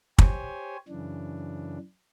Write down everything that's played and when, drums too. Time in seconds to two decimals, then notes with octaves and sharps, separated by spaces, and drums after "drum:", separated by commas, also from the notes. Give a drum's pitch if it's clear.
0.18 G4 C5 C#5 G#5, drum: kick
0.88 F#2 C#3 E3 D4